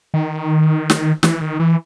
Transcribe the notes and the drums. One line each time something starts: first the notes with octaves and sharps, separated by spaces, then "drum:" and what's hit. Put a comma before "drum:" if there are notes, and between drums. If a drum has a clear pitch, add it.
D#3
drum: snare
E3, drum: snare
D#3
E3